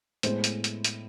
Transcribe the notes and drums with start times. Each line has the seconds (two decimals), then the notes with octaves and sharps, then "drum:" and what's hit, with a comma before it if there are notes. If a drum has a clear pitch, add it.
0.23 A2 G#3 B3 C5, drum: hi-hat
0.44 drum: hi-hat
0.64 drum: hi-hat
0.84 drum: hi-hat